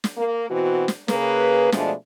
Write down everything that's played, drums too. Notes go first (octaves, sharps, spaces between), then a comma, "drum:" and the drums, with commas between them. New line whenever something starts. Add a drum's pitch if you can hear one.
drum: snare
A#3
B2 E3 C4 F#4
drum: snare
C#3 A#3 G#4 B4, drum: snare
B2 F3 G#3 A3 D4, drum: snare